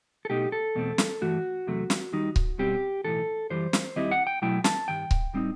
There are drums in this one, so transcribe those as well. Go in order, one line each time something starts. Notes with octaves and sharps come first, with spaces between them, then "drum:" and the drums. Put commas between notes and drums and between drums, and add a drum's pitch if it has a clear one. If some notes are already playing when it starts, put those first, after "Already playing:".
A4
B1 B2 A3 D#4 G4
A4
E2 B2 A3 C4
drum: snare
G2 E3 A3 F#4
E2 C3 F#3 A3
drum: snare
D#2 D#3 G3 D#4
drum: kick C#1
B1 B2 G3 C4 G4
B1 A2 E3 A4
F#2 E3 G3 C5
drum: snare
D#2 D#3 G3 C4 E4 D#5
F#5
G5
B2 F#3 A3 E4 G5
A5, drum: snare
G2 D#3 G5
drum: kick C#1
A2 G3 C4 D#4